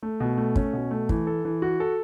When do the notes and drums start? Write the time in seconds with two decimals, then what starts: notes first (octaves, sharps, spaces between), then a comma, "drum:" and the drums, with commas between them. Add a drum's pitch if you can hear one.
0.03 A3
0.20 B2
0.38 A3
0.56 C#4, drum: kick
0.73 B2
0.91 A3
1.09 E3, drum: kick
1.27 A4
1.45 E3
1.62 F#4
1.80 A4